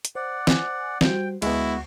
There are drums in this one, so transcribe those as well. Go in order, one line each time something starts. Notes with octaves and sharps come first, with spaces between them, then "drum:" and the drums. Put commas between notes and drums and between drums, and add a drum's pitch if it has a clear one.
drum: hi-hat
C5 D5 F#5
C5 G#5, drum: snare
G3 F#4 C5 G5, drum: snare
D2 G#3 B3 E4 F#4, drum: cymbal